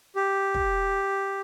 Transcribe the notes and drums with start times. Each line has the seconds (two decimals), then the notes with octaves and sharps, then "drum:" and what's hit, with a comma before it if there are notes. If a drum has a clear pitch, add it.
0.15 G4
0.54 drum: kick